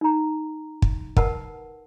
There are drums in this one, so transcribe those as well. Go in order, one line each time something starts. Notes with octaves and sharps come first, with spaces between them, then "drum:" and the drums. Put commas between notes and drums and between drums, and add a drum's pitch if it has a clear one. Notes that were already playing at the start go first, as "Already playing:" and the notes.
D#4 A#5
drum: kick
A#4 B4 F#5 A5, drum: kick